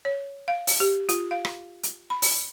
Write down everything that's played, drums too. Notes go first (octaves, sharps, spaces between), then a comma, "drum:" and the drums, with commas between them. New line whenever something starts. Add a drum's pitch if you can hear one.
C#5
F5
drum: open hi-hat
G4
F4, drum: hi-hat
F5
drum: rim click
drum: hi-hat
B5
drum: open hi-hat